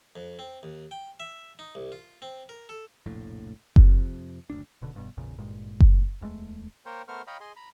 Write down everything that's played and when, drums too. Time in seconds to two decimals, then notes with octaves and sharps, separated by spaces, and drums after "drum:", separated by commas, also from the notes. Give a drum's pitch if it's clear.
0.16 F2
0.39 C4
0.63 D#2
0.91 G5
1.20 E5
1.59 D#4
1.75 C2
1.92 F4
2.22 C4
2.49 A#4
2.69 A4
3.06 F1 A#1 A2
3.76 F2 C3, drum: kick F#1
4.50 F#1 D2 D4
4.82 D#1 B2 D3
4.94 E1 G2 B2
5.17 A1 E2 A#2 C#3
5.38 G#1 G2 A#2 G#3
5.80 drum: kick F#1
6.21 D1 E2 G#3 A3
6.86 A#3 A#4 C5 C#5 G5
7.08 A3 B3 A#4 C5 C#6 F6
7.27 C#5 D#5 F5 G5 A#5 B5
7.40 G#4 D#5 C6
7.56 A#5 B5